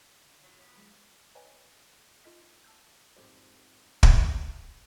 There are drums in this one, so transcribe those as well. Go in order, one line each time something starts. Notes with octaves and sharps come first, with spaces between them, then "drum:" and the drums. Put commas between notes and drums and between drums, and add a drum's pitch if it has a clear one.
D3
F#3 F4
B3
F#3 G#3 F#4
B4 C#5 D#5 G5 G#5 A#5
D#4 F4 A4 D#5 F6 B6
A5 E6 G6
F2 G#2 G3 A4 C5 D6
drum: kick